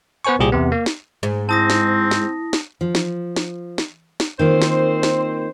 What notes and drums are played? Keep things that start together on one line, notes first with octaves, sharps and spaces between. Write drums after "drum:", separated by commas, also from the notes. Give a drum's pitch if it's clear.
B3 B4 C5 G#5 C#6
C2 A#2 G4 G#4
E2 C3 B3
A#3
drum: snare
G#2
C4 E4 A5 D#6 A#6
drum: snare
drum: snare
drum: snare
F3
drum: snare
drum: snare
drum: snare
drum: snare
D#3 A#3 C4 F4 C5
drum: snare
drum: snare